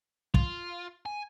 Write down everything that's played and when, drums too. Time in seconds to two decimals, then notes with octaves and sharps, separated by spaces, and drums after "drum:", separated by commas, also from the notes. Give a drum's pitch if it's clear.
0.34 F4, drum: kick
1.06 G#5